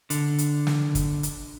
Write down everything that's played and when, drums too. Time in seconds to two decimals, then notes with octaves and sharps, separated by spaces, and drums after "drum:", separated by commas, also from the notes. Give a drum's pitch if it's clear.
0.10 D3, drum: hi-hat
0.38 drum: hi-hat
0.67 drum: snare
0.95 drum: kick, hi-hat
1.23 drum: hi-hat